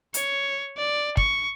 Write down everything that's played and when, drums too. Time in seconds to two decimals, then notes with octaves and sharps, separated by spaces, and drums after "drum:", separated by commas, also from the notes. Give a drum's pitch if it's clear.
0.14 C#5, drum: hi-hat
0.77 D5
1.17 C#6, drum: kick